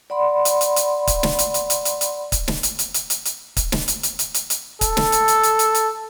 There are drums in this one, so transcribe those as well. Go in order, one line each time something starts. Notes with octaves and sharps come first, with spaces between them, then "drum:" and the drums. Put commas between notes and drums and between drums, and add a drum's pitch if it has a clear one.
D5 F#5 B5 C6
drum: hi-hat
drum: hi-hat
drum: hi-hat
drum: kick, hi-hat
drum: snare
drum: hi-hat
drum: hi-hat
drum: hi-hat
drum: hi-hat
drum: hi-hat
drum: kick, hi-hat
drum: snare
drum: hi-hat
drum: hi-hat
drum: hi-hat
drum: hi-hat
drum: hi-hat
drum: kick, hi-hat
drum: snare
drum: hi-hat
drum: hi-hat
drum: hi-hat
drum: hi-hat
drum: hi-hat
A4, drum: kick, hi-hat
drum: snare
drum: hi-hat
drum: hi-hat
drum: hi-hat
drum: hi-hat
drum: hi-hat